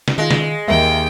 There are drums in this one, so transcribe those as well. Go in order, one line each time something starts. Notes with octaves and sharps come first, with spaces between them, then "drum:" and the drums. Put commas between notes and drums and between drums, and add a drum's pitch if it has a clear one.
drum: snare
D#3 G#3 F4
drum: snare
D#2 A#4 E5 G5